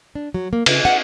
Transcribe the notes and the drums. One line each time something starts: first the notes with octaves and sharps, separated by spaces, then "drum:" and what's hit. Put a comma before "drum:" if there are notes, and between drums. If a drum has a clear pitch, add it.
D4
F#3
A#3
C#3, drum: cymbal
F#5